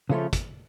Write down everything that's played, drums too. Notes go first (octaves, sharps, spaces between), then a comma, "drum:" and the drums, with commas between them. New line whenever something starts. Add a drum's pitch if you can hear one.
C#3 F3 A3 C#4 F4
drum: kick, hi-hat